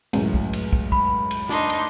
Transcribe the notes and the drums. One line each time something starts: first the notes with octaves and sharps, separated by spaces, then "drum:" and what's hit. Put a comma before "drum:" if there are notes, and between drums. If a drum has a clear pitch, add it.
C#2 F#2 A2, drum: cymbal
drum: kick
drum: cymbal
drum: kick
B5, drum: kick
drum: cymbal
D4 D#4 C6, drum: snare
drum: cymbal